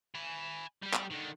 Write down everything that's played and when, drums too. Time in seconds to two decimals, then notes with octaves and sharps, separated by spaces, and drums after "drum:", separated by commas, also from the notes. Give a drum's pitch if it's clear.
0.15 G#5 B5
0.82 G3 G4
0.93 drum: clap
1.10 D3 D#3